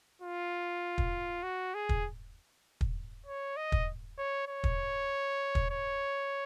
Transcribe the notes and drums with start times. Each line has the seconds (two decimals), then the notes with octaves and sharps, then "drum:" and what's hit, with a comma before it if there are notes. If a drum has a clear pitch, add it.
0.22 F4
0.98 drum: kick
1.43 F#4
1.75 G#4
1.89 drum: kick
2.81 drum: kick
3.26 C#5
3.57 D#5
3.72 drum: kick
4.18 C#5
4.48 C#5
4.64 drum: kick
5.55 drum: kick
5.71 C#5